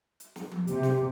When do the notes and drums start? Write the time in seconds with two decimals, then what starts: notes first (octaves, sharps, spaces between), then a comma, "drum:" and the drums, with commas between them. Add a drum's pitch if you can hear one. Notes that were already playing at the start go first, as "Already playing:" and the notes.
0.20 drum: hi-hat
0.36 drum: snare
0.51 drum: tom F3
0.67 C3 G4, drum: hi-hat
0.83 drum: snare